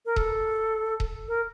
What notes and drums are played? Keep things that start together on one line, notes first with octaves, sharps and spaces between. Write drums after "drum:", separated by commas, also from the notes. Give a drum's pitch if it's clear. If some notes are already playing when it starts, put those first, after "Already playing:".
A#4
A4, drum: kick D#1
drum: kick D#1
A#4